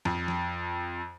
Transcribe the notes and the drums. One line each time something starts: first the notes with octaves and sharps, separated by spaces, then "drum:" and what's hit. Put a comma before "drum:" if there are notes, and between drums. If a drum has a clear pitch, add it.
F2, drum: snare
drum: snare